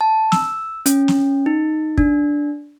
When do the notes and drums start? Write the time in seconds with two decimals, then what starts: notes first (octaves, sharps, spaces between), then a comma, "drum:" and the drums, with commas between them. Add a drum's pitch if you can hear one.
0.01 A5
0.32 E6, drum: snare
0.86 C#4, drum: hi-hat
1.08 drum: snare
1.46 D#4
1.98 D4, drum: kick